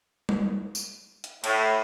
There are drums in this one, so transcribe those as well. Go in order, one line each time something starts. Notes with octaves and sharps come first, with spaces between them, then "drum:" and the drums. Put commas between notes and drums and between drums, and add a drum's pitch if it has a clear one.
drum: tom G3
drum: tambourine
drum: hi-hat
A2, drum: cymbal